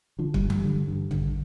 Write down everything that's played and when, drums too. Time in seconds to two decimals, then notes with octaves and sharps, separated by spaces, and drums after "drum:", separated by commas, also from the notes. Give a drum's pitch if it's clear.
0.19 D3 F3
0.34 G3, drum: kick
0.41 G2
0.50 G3, drum: tom E3
0.65 D3
0.87 G2
1.11 D3, drum: tom A1